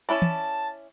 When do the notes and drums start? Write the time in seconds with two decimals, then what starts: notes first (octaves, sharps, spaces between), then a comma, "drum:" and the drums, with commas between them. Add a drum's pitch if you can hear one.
0.09 C#4 E4 D5 A5
0.22 drum: tom